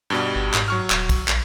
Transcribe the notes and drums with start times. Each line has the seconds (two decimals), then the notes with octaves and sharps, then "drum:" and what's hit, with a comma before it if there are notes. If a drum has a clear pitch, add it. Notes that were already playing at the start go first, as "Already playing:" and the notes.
0.10 G2 B2 G3
0.35 G1
0.54 G#2, drum: clap
0.68 F#3 C#6 F6
0.90 D#1, drum: clap
1.09 drum: kick, cymbal
1.28 A#1, drum: clap